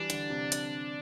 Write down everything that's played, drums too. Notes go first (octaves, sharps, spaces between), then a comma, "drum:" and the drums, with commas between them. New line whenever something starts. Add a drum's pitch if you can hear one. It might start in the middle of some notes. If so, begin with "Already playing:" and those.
Already playing: E3 G3 D4
D3, drum: hi-hat
C3
drum: hi-hat